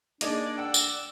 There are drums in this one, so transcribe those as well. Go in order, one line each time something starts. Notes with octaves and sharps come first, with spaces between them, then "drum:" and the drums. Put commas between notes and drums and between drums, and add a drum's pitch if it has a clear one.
A#3 D4 D#4 G#4 D5, drum: hi-hat
D5 F#5 G5 E6
drum: tambourine